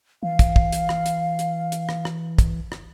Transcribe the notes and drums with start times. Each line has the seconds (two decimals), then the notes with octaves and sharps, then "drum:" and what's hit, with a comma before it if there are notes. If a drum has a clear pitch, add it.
0.23 E3 F5
0.39 drum: kick, hi-hat
0.56 drum: kick
0.72 drum: hi-hat
0.89 drum: rim click
1.06 drum: hi-hat
1.39 drum: hi-hat
1.72 drum: hi-hat
1.89 drum: rim click
2.05 drum: rim click
2.38 drum: kick, hi-hat
2.72 drum: rim click